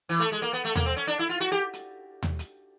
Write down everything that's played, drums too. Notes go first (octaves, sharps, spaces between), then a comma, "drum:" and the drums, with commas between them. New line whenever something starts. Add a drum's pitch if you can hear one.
E3, drum: hi-hat
A3
G#3
A#3, drum: hi-hat
B3
A3
A#3, drum: tom D#2
C4
C#4
D4
E4
F4
F#4, drum: hi-hat
G4
drum: hi-hat
drum: tom D#2
drum: hi-hat